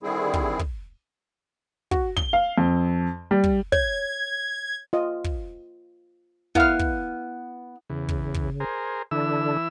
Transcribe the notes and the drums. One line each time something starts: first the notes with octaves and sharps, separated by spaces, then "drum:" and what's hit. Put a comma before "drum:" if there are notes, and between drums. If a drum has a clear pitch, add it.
D3 D#3 G3 C4 E4 G#4
drum: kick
drum: kick
F#4, drum: kick
G7, drum: kick
F5
F2
G3
drum: kick
C#5 G#6, drum: kick
F4 D#5
drum: kick
B3 E4 F5 F6, drum: kick
drum: kick
E2 C#3
drum: kick
drum: kick
G#4 A#4 C5
D3 E3 D4 E4 E6